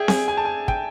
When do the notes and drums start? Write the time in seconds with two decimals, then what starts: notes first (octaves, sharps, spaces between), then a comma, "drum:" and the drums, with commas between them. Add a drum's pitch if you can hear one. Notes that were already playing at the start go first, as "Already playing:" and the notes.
Already playing: G#4 D5 E5 G5
0.08 G#5, drum: snare C4
0.28 G#5
0.37 A5
0.45 G#5
0.68 G5, drum: kick